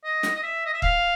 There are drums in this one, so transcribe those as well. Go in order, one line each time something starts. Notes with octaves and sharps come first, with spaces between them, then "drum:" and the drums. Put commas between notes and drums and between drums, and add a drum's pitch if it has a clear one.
D#5
drum: snare
D#5
E5
D#5
E5
F5, drum: kick